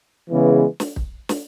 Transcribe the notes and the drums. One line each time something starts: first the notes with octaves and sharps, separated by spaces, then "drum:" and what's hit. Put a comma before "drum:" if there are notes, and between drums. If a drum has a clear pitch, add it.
C#3 E3 G#3 B3
drum: snare
drum: kick
drum: snare